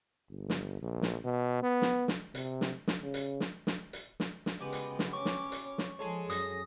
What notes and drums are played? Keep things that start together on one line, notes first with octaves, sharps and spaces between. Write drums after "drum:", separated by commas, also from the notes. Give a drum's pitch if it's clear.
G1
drum: snare
A#1
drum: snare
B2
B3
drum: snare
drum: snare
C3, drum: hi-hat
drum: snare
drum: snare
C#3
drum: hi-hat
drum: snare
drum: snare
drum: hi-hat
drum: snare
drum: snare
C#3 G#3 B3 F#4 G4 B4
drum: hi-hat
drum: snare
C#4 C#5 C#6 D6
drum: snare
drum: hi-hat
drum: snare
F3 G#3 G#4 A4 C#5
F#2 D#6 A#6, drum: hi-hat